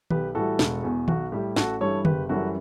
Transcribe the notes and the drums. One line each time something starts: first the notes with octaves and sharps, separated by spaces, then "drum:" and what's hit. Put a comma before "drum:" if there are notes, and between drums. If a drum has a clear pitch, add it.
B1 G4 B4, drum: tom D#3
A2 E3 G3 F#4 A4
E1, drum: snare
E2 B2
B1 F#4, drum: tom D#3
A2 G3 G4
A1 F#4 A4, drum: snare
G2 E3 G3 A4 C#5
F#1 G4 B4, drum: tom D3
F#2 E3 G3 F#4 A4